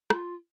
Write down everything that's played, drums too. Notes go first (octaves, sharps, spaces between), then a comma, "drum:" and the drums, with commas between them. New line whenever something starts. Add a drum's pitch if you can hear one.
F4, drum: rim click